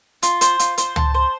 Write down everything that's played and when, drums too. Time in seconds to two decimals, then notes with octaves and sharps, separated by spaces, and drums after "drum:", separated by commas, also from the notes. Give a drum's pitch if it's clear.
0.23 F4, drum: hi-hat
0.41 C5, drum: hi-hat
0.59 F4, drum: hi-hat
0.78 C5, drum: hi-hat
0.96 A5, drum: tom
1.14 C5